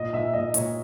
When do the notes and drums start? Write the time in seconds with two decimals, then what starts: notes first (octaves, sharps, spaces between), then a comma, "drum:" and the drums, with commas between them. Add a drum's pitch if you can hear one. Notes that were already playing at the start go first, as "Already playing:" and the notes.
Already playing: A#2 D#5
0.13 A#2 E5
0.33 A#2 D#5
0.54 A#2 C#5, drum: hi-hat